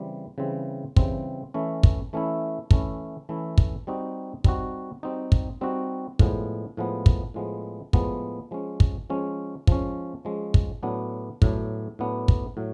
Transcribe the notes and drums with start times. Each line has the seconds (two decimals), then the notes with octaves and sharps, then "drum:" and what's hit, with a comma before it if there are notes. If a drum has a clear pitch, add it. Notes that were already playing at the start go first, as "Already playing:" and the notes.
Already playing: C#3 E3 G3 C4
0.38 C#3 E3 G3 C4
0.96 C#3 E3 G3 C4, drum: kick
1.54 E3 A3 C#4 E4
1.83 drum: kick
2.13 E3 A3 C#4 E4
2.71 E3 A3 C#4 E4, drum: kick
3.29 E3 A3 C#4 E4
3.58 drum: kick
3.87 G3 C4 D#4 F#4
4.44 G3 C4 D#4 F#4, drum: kick
5.03 G3 C4 D#4 F#4
5.32 drum: kick
5.61 G3 C4 D#4 F#4
6.19 A2 F3 G#3 B3, drum: kick
6.77 A2 F3 G#3 B3
7.06 drum: kick
7.34 A2 F3 G#3 B3
7.93 A2 F3 G#3 B3, drum: kick
8.51 F3 G#3 C#4
8.80 drum: kick
9.10 F3 G#3 C#4
9.67 F3 G#3 C#4, drum: kick
10.25 F3 G#3 C#4
10.54 drum: kick
10.83 A2 F#3 B3 D4
11.42 A2 F#3 B3 D4, drum: kick
11.99 A2 F#3 B3 D4
12.28 drum: kick
12.57 A2 F#3